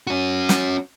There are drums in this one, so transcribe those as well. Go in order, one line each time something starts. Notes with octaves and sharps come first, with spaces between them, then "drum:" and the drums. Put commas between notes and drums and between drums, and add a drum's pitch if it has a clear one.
C#4 F#4
drum: snare